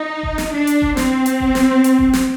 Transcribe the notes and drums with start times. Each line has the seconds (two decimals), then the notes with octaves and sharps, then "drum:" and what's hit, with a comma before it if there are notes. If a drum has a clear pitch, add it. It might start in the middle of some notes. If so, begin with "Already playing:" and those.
Already playing: D#4
0.23 drum: kick F#1
0.38 drum: snare
0.53 D4
0.67 drum: hi-hat
0.82 drum: kick F#1
0.97 C4, drum: snare
1.26 drum: hi-hat
1.40 drum: kick F#1
1.55 drum: snare
1.84 drum: hi-hat
1.99 drum: kick F#1
2.13 drum: snare